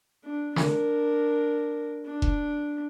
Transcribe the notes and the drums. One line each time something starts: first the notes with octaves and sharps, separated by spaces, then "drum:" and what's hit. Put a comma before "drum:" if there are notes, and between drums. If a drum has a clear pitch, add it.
D4
D4 A#4, drum: snare
D4
drum: kick F1